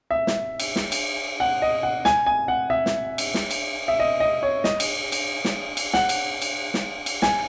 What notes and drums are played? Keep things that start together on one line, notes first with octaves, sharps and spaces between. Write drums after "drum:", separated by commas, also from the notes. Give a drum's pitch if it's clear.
E5
drum: snare
drum: cymbal
drum: snare
drum: cymbal
F#5
D#5
F#5
G#5, drum: snare
G#5
F#5
E5
drum: snare
drum: cymbal
drum: snare
drum: cymbal
E5
D#5
D#5
C#5
D#5, drum: snare
drum: cymbal
drum: cymbal
drum: snare
drum: cymbal
F#5, drum: snare
drum: cymbal
drum: cymbal
drum: snare
drum: cymbal
G#5, drum: snare